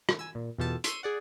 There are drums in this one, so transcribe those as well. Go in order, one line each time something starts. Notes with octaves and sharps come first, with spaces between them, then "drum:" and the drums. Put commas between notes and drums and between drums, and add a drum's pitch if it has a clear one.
drum: rim click
G#5 E6
A#2
E2 B2 F4 G4 A4 A5
C6 C#6 E6 D#7, drum: hi-hat
G#4 D5 F#5